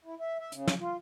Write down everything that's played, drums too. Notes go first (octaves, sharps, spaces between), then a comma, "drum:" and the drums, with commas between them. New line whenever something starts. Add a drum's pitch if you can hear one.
E4
E5
E5
C#3, drum: hi-hat
drum: snare
F4